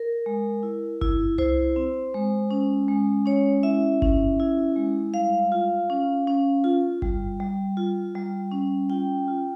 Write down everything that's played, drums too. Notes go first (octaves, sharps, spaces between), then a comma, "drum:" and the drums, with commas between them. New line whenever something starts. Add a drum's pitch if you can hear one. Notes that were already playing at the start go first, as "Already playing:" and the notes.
Already playing: A#4
G#3
E4
E4, drum: kick G1
E4 C5, drum: tom C2
C4
G#3
C#4
G#3
C#4 C#5
E4 E5
C#4, drum: kick G1
E4
G#3
G3 F5
F4
C#4
C#4
F4
G3, drum: kick G1
G3
F4
G3
C#4
F4 G5
F4